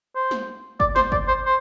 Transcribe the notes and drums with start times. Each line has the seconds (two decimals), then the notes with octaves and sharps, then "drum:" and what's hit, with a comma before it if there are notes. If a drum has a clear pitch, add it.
0.16 C5
0.31 drum: snare
0.80 D5, drum: kick
0.96 C5, drum: snare
1.12 D5, drum: kick
1.28 C5
1.45 C5